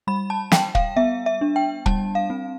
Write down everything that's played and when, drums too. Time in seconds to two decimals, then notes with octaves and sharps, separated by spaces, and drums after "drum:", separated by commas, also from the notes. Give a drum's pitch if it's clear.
0.07 G3 B5
0.30 A5
0.52 G3 G5, drum: snare
0.75 F5, drum: kick
0.96 B3 E5
1.26 E5
1.41 D4
1.56 G5
1.86 G3 A5, drum: kick
2.15 F5
2.30 C4